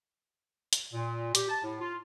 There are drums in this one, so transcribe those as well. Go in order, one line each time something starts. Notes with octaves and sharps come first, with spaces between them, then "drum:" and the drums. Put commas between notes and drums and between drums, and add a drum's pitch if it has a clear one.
drum: hi-hat
A#2
G4, drum: hi-hat
A5
A2
F4